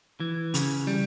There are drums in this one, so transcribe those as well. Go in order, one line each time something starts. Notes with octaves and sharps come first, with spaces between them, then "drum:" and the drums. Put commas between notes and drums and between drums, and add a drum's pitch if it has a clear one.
E3
C#3, drum: hi-hat
G3